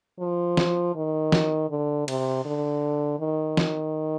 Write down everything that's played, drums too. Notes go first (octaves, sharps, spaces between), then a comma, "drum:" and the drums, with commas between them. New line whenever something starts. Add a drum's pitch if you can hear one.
F3
drum: snare
D#3
drum: snare
D3
C3, drum: cymbal
D3
D#3
drum: snare